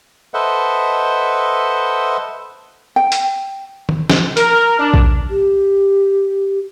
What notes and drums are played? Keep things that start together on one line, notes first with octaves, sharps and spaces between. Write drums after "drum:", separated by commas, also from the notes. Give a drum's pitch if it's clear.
A4 B4 C5 D#5 E5 F#5
G5
drum: hi-hat
drum: tom D#3
drum: snare
A#4, drum: hi-hat
D4
drum: kick A#1
G4